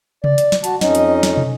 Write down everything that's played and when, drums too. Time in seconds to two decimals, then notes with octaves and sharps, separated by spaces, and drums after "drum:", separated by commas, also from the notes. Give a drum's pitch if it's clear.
0.24 D5, drum: tom C3
0.38 drum: hi-hat
0.52 drum: snare
0.64 F#4 A5, drum: hi-hat
0.81 F2 C#4 D#4 D#5, drum: snare
0.95 drum: hi-hat
1.23 drum: snare
1.37 drum: tom